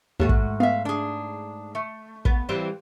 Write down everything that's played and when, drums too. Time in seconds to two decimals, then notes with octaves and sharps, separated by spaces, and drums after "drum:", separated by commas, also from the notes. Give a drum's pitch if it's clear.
0.20 D#2 G#2 A3 F#4
0.29 drum: kick
0.60 B3 E5 F5
0.85 D4 G#4
1.75 A3
2.25 B3, drum: kick
2.49 E3 G3 C4